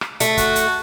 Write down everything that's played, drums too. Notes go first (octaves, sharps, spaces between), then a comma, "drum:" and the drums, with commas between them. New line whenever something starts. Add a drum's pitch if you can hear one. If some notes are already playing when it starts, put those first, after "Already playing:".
drum: rim click
A3, drum: hi-hat
F#4, drum: kick, hi-hat
drum: hi-hat